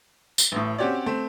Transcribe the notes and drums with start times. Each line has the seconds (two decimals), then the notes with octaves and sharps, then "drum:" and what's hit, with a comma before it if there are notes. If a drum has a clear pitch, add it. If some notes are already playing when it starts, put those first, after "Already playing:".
0.38 drum: tambourine
0.52 A1 A2
0.78 C4 C#4 F#4 G4 C#5 D5
1.06 A3 C4